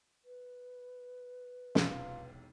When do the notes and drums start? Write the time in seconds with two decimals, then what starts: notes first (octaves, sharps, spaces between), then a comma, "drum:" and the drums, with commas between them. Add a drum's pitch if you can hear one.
0.25 B4
1.75 E1 B1 C3 F4, drum: snare